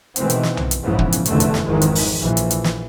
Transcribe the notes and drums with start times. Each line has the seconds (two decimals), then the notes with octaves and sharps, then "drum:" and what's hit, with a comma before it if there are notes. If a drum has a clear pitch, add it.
0.16 B2 D#3 E3 G#3 C4, drum: hi-hat
0.30 drum: hi-hat
0.43 drum: snare
0.57 drum: tom B1
0.71 drum: hi-hat
0.82 A#1 G#2 C#3 E3 F3 B3
0.99 drum: kick
1.12 drum: hi-hat
1.25 F1 E2 D3 E3 A3, drum: hi-hat
1.40 drum: hi-hat
1.54 drum: snare
1.66 G#1 F2 D#3 E3 G#3
1.82 drum: hi-hat
1.95 drum: open hi-hat
2.17 A#1 E3
2.37 drum: hi-hat
2.51 drum: hi-hat
2.64 drum: snare